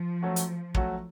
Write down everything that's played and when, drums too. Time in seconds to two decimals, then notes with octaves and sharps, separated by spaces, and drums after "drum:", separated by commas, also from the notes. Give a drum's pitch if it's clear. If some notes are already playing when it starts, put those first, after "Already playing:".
Already playing: F3
0.22 F#3 A3 C#4 F#4
0.36 drum: hi-hat
0.75 F#3 A3 C#4 F#4, drum: kick